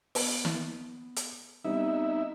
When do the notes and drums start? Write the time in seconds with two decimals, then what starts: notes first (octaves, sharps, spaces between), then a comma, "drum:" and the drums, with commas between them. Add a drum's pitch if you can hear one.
0.15 B3, drum: open hi-hat
0.45 drum: snare
1.17 drum: hi-hat
1.64 G3 B3 C4 D#4 E5